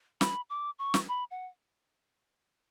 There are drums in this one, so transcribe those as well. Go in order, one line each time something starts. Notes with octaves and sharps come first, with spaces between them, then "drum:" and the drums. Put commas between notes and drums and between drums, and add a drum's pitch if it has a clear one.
B5, drum: snare
D6
C#6
drum: snare
B5
F#5